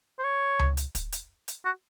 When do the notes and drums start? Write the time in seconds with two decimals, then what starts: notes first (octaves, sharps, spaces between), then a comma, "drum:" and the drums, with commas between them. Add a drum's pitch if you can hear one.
0.19 C5
0.24 C#5
0.59 drum: tom C#2
0.77 drum: hi-hat
0.95 drum: kick, hi-hat
1.12 drum: hi-hat
1.48 drum: hi-hat
1.65 F#4